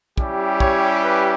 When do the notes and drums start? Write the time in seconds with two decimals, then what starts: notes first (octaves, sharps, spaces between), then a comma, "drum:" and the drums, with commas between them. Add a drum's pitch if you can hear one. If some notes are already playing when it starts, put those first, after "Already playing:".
0.18 G3 C#4 E4 G4, drum: kick
0.60 C#5, drum: kick
1.03 B4